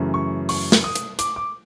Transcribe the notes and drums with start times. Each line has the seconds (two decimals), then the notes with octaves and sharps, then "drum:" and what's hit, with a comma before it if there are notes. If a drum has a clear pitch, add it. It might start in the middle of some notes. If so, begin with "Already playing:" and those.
Already playing: F#2 C#3 E3 A3 C#4
0.14 C#6
0.49 C#6, drum: open hi-hat
0.72 drum: snare
0.84 D#6
0.96 drum: hi-hat
1.19 D6, drum: hi-hat
1.36 D6